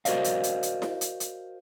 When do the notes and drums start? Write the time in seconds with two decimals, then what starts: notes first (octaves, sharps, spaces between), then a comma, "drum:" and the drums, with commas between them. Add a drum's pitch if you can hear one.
0.05 F#4 A#4 C5 D5 D#5 F5, drum: hi-hat
0.24 drum: hi-hat
0.43 drum: hi-hat
0.63 drum: hi-hat
0.82 drum: snare E4
1.01 drum: hi-hat
1.20 drum: hi-hat